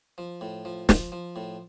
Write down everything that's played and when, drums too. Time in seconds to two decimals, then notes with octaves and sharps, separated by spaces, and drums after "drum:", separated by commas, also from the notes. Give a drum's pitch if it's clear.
0.18 F3
0.41 A2
0.65 F3
0.89 F3, drum: snare
1.12 F3
1.36 A2